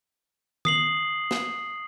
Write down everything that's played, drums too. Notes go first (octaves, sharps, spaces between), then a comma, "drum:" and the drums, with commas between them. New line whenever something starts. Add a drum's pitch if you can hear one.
D#6 C7 F#7, drum: tom D#3
drum: snare